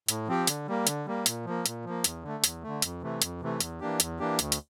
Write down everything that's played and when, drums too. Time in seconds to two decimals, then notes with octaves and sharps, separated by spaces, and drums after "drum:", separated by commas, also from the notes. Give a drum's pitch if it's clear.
0.08 A2, drum: hi-hat
0.28 F3 C4 G4
0.47 D3, drum: hi-hat
0.67 G3 A#3
0.87 D3, drum: hi-hat
1.06 G3 A#3
1.26 A#2, drum: hi-hat
1.45 F3 A#3
1.66 A#2, drum: hi-hat
1.85 F3 A#3
2.04 E2, drum: hi-hat
2.23 D3 A3
2.44 E2, drum: hi-hat
2.63 D3 A3
2.82 F2, drum: hi-hat
3.02 C3 E3 A3
3.22 F2, drum: hi-hat
3.41 C3 E3 A3
3.60 E2, drum: hi-hat
3.80 E3 A#3 D4 G4
4.00 E2, drum: hi-hat
4.19 E3 A#3 D4 G4
4.39 D2, drum: hi-hat
4.52 drum: hi-hat